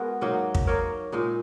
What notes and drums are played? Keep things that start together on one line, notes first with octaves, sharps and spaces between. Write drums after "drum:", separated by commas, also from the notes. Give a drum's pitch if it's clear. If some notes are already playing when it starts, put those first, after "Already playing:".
Already playing: G#3 B3 F#4 A#4
G#2 F#3 A#3 D#4
drum: kick
A#3 D#4 A#4 C#5
A#2 G#3 D#4